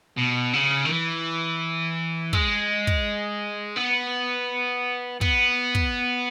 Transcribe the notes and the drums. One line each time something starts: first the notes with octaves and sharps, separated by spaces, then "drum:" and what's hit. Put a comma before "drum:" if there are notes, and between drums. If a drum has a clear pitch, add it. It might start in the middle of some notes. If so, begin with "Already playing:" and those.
B2
C#3
D#3
E3
G#3, drum: kick
drum: kick
B3
B3, drum: kick
drum: kick